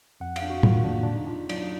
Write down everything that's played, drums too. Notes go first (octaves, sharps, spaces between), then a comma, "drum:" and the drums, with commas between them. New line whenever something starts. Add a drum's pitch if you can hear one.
F2 F#5
F5, drum: cymbal
D4
F#4
D#3 F4, drum: tom
A#3 D4
D3 D4
D#4
D4 F4
F#3 D5, drum: cymbal